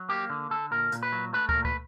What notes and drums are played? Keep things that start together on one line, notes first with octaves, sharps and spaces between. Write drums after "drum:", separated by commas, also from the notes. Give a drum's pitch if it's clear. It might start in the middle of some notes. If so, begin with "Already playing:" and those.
Already playing: F#3
A#3 G4
D3
D3 A4
A#2 A#4
A#2, drum: hi-hat
B4
F#3
A3 B4
A#4, drum: kick
A#2
B4, drum: kick